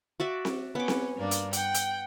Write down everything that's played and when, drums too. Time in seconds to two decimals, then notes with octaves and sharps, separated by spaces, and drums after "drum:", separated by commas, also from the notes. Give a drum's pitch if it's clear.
0.20 F#4 D5 E5
0.45 drum: snare C4
0.75 B3 C#4 D6
0.88 drum: snare C4
1.15 G2 A#3 D4
1.31 drum: hi-hat
1.53 F#5 G5, drum: hi-hat
1.75 drum: hi-hat